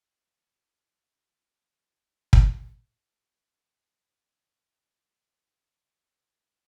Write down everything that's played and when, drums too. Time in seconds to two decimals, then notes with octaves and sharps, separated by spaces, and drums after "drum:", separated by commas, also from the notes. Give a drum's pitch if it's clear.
0.17 F4 A4 C5 E5
2.33 drum: kick
2.97 D2 G#2 G4 A4
3.63 E5
4.74 D3 G3 E4 A#4